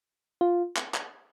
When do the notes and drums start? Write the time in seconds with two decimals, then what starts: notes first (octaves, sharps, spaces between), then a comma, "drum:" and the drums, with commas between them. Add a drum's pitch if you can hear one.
0.41 F4
0.76 drum: clap
0.94 drum: clap